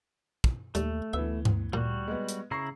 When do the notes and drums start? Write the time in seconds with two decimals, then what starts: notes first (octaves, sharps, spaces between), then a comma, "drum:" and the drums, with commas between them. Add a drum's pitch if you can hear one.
0.44 drum: kick
0.75 D#2 G3 A3, drum: hi-hat
1.14 D2 E3 B3 E5
1.45 drum: tom G2
1.73 A#2 G3 F#4
2.08 G#3 B3
2.29 drum: hi-hat
2.51 C#3 E4 A#5 C#6 C7